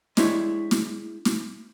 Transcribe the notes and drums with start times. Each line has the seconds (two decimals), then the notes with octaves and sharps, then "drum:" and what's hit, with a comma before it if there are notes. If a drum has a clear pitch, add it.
0.17 G#3 D4 E4 G4 C#5, drum: snare
0.71 drum: snare
1.25 drum: snare